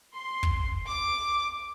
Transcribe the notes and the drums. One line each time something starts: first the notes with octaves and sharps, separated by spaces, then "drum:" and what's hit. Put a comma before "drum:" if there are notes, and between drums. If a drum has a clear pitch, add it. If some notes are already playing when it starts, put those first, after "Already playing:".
C6
drum: kick
D6